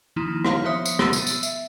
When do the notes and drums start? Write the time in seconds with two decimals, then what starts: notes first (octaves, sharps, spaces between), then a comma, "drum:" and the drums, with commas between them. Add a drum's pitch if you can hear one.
0.16 D#3 F3 A#3 D#4 E4
0.45 C#5 F5 F6 A#6, drum: rim click
0.64 F3 B3 C5 E5 D#6 C#7
0.85 drum: tambourine
0.99 B3 E6 A6 D#7, drum: rim click
1.13 drum: tambourine
1.27 drum: tambourine
1.43 E5, drum: tambourine